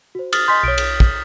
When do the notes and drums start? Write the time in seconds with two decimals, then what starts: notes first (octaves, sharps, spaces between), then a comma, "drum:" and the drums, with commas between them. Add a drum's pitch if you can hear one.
0.15 F#4 C5
0.33 D#6 F6 A6, drum: cymbal
0.48 D#5 G#5 C6 G6 B6
0.64 B1 C#5 D7
0.78 drum: cymbal
1.00 drum: kick